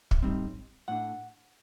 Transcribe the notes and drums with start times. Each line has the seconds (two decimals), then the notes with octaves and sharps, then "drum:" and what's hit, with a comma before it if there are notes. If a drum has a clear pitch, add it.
0.11 drum: kick
0.23 A2 G3 C4 D#4
0.88 A2 A3 D4 F#5